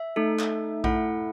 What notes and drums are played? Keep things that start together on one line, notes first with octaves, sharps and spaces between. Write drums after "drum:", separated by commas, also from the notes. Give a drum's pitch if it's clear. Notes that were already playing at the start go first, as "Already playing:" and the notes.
Already playing: E5
A3 D#4 A4
drum: clap
A3 E4 A4 F#5, drum: kick A#1